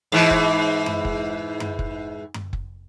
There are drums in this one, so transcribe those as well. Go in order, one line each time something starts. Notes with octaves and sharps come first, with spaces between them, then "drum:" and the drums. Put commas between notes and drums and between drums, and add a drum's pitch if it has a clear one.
G#2 E3
drum: kick
drum: tom F#2
drum: kick
drum: tom F#2
drum: kick
drum: tom F#2
drum: kick